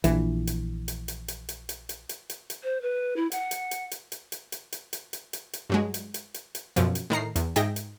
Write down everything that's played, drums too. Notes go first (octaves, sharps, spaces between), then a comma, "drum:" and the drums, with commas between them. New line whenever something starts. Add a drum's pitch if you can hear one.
A#1 E3, drum: hi-hat
drum: hi-hat
drum: hi-hat
drum: hi-hat
drum: hi-hat
drum: hi-hat
drum: hi-hat
drum: hi-hat
drum: hi-hat
drum: hi-hat
drum: hi-hat
C5
B4
E4
F#5, drum: hi-hat
drum: hi-hat
drum: hi-hat
drum: hi-hat
drum: hi-hat
drum: hi-hat
drum: hi-hat
drum: hi-hat
drum: hi-hat
drum: hi-hat
drum: hi-hat
drum: hi-hat
G2 F#3 G#3
drum: hi-hat
drum: hi-hat
drum: hi-hat
drum: hi-hat
F#2 B2 F3, drum: hi-hat
drum: hi-hat
A2 D#3 A#5 C7
E2, drum: hi-hat
G#2 D#4 G#4 E5 G5 A#6, drum: hi-hat
drum: hi-hat